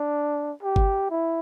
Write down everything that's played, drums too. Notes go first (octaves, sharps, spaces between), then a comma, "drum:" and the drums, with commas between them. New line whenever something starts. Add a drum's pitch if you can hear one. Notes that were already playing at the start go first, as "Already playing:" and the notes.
Already playing: D4
G4
drum: kick G1
E4